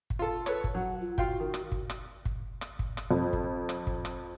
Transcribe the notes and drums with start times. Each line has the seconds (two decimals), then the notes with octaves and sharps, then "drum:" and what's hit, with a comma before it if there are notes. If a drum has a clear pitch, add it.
0.10 drum: kick
0.19 F4 A4
0.46 A4 B4 C#5, drum: rim click
0.64 drum: kick
0.75 F#3 F#5
1.00 F4
1.18 F4 F#4 F5 G5, drum: kick
1.40 D#3
1.54 drum: rim click
1.72 drum: kick
1.90 drum: rim click
2.25 drum: kick
2.61 drum: rim click
2.79 drum: kick
2.97 drum: rim click
3.11 F2
3.33 drum: kick
3.69 drum: rim click
3.87 drum: kick
4.05 drum: rim click